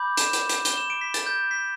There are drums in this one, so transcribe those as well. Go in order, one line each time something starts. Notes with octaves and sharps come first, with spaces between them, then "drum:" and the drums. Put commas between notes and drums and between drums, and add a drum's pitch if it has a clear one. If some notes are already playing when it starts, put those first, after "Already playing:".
Already playing: B5 D6 G6
E7, drum: hi-hat
drum: hi-hat
drum: hi-hat
G7, drum: hi-hat
E7
D7
B6
A6, drum: hi-hat
G6
B6